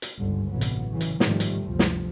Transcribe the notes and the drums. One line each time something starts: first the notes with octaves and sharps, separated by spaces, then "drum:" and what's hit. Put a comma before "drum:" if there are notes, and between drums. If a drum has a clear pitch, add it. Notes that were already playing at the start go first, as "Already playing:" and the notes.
drum: hi-hat
G1 C#2 G#2 D3 G3
A1 C3 E3 F#3 B3
drum: hi-hat
C#3 E3
drum: hi-hat
G#2 C3 D#3 F3 G3 A3, drum: snare
drum: hi-hat
G1 D2 C3 F3
drum: snare